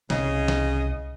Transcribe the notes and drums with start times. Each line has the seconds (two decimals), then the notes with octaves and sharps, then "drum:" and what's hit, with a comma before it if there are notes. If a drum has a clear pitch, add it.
0.10 C2 C#3 D#5, drum: snare
0.48 drum: snare